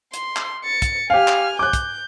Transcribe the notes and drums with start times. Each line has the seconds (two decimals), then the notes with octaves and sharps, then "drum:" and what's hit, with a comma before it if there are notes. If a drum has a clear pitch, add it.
0.13 C6, drum: hi-hat
0.36 drum: clap
0.64 A6 C#7
0.82 drum: kick, hi-hat
1.10 G4 F5 G#5 F6
1.28 drum: clap
1.59 D6 F#6 G6
1.73 drum: kick, hi-hat